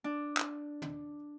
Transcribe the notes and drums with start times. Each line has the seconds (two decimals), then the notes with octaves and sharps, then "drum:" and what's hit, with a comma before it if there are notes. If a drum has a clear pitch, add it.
0.04 D4
0.37 drum: clap
0.82 drum: tom